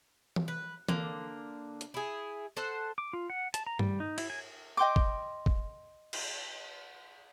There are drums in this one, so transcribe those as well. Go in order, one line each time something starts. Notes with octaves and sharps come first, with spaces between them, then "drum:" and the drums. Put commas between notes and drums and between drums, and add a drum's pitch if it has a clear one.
drum: tom E3
B4
D3 A#3, drum: tom E3
drum: hi-hat
E4 G#4
A4 C5 F#5
D6
F4
F#5
A5, drum: hi-hat
A#5
G3, drum: tom G2
D#4
E4, drum: cymbal
G#5
D#5 G5 C6 D6
drum: kick G#1
drum: kick G#1
drum: cymbal